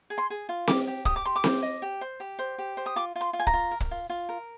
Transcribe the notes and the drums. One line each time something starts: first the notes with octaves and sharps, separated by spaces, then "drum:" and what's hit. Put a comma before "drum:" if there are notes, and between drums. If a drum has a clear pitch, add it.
G#4
C6
G#4
F4
G4 D6, drum: snare C4
G4
G4 D#6, drum: kick
D6
G4 C6
D6
C5, drum: snare C4
D#5
G4
C5
G4
C5
G4
C5
D#6
F4 D6
F4
C6
F4
G#5
A#5, drum: kick
F4
A#4
drum: kick
F4
F4
A#4